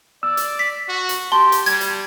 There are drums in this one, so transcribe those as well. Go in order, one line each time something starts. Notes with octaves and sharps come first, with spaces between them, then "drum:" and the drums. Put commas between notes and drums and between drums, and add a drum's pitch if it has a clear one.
D5 E6
drum: hi-hat
B6
F#4
drum: hi-hat
G4 A5 C6
drum: hi-hat
G3 G#6, drum: hi-hat
drum: hi-hat